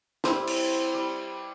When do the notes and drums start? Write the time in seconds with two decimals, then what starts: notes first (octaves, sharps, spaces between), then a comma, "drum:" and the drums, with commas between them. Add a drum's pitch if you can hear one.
0.24 G3 C4 E4 C5, drum: snare
0.47 drum: cymbal
0.94 G3